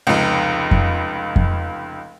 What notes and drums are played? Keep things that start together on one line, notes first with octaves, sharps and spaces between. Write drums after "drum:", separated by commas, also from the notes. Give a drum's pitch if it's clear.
F1 C#2
drum: kick F2
drum: kick F2